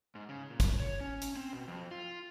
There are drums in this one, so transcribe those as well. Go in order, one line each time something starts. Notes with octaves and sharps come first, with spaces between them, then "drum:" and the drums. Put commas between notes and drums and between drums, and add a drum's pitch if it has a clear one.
G#2
C#3
A#2
drum: kick, hi-hat
C#5
C#4
drum: hi-hat
C4
B2
F2
F4